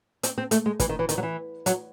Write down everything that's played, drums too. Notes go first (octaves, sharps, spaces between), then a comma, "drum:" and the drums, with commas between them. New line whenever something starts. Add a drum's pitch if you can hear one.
C4, drum: hi-hat
C4
A3, drum: hi-hat
G#3
E3, drum: kick, hi-hat
D#3
E3
D#3, drum: hi-hat
F#3
E3
F#3, drum: hi-hat